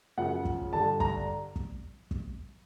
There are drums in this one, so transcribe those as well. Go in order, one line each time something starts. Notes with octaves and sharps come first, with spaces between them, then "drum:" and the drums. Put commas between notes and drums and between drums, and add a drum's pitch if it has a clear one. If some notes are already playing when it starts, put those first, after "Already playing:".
F#2 C#3 F3 F#5
drum: kick
G2 D3 G3 A5
A#5, drum: kick
drum: kick
drum: kick